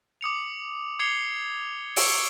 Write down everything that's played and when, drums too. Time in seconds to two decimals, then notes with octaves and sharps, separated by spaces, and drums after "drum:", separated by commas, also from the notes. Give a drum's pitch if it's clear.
0.21 D6 D#6 C#7 F7
0.99 D6 G#6 C7 C#7 F7 G7
1.96 C#6 E6 C#7 D7 G7, drum: open hi-hat